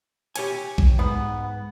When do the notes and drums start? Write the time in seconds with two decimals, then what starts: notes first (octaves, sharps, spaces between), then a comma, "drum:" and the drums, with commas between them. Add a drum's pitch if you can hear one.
0.36 G4 C#5 G#5, drum: cymbal
0.78 drum: kick B1
0.99 G#2 B3